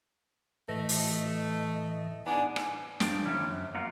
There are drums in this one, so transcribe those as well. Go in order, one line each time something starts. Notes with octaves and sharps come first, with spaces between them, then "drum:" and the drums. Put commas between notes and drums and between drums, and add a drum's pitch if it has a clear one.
A2 E3 A3 D#5
drum: open hi-hat
E2 B3 D4 D#4 G#5
drum: rim click
F#2 F3 D4 G5, drum: snare
D3 D#3 F3 C#4 E4
F#2
A#3 F4 F#4 A#4 F5 F#5